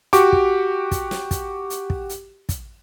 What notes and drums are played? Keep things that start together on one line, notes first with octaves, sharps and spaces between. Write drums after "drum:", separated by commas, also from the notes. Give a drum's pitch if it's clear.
F#4 G4 C#6 D6, drum: hi-hat
drum: kick
drum: kick, hi-hat
drum: snare
drum: kick, hi-hat
drum: hi-hat
drum: kick
drum: hi-hat
drum: kick, hi-hat